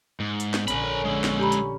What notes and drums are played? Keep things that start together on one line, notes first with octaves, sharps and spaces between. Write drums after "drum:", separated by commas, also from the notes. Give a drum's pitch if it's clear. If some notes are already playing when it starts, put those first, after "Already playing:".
G#2
drum: hi-hat
drum: snare
A#1 D3 C#4 A#4 B5, drum: hi-hat
G#3 E4
drum: snare
G4 A#5 B5
drum: hi-hat